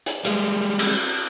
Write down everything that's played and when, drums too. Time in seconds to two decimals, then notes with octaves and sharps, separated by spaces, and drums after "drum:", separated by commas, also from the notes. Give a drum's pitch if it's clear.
0.06 drum: hi-hat
0.25 G3 G#3, drum: hi-hat
0.79 drum: cymbal